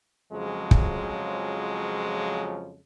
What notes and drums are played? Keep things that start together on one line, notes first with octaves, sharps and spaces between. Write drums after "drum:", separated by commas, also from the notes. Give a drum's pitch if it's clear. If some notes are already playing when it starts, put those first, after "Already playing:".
F2 C#3 F3 F#3 G#3
drum: kick